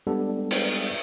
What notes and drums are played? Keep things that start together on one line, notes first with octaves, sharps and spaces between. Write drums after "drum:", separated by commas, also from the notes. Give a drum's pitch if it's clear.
G3 G#3 B3 D4 G4 A4
drum: cymbal